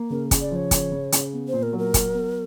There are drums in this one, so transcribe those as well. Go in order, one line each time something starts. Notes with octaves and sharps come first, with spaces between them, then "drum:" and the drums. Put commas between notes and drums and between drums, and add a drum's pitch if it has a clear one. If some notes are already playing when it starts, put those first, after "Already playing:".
Already playing: A#3
C#3 A#4
C#3, drum: kick, hi-hat
D5
F3 C#5
C#3, drum: kick, hi-hat
C#3
C#3, drum: hi-hat
B3
A#2 C5
A#4
F#3
A#4
F#3, drum: kick, hi-hat
B3